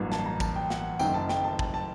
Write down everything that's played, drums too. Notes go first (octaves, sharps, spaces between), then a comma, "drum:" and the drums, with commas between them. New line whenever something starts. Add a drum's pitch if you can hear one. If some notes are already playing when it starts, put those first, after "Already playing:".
Already playing: A1 G2 F#3 A#3 D4
A5, drum: snare
A#5
A5, drum: kick, tambourine
G5
F#5, drum: snare
F#1 F#2 D#3 A3 G5, drum: tambourine
A5
G5, drum: snare
A5
A5, drum: kick
A5